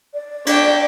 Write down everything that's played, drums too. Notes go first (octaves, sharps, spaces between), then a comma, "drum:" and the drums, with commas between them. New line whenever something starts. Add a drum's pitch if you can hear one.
D5
D4 G5, drum: cymbal